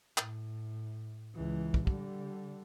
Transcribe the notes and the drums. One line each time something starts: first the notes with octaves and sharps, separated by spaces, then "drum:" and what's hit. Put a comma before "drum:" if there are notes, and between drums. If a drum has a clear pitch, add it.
A2, drum: clap
C#2 E3
drum: kick
D3 G3, drum: kick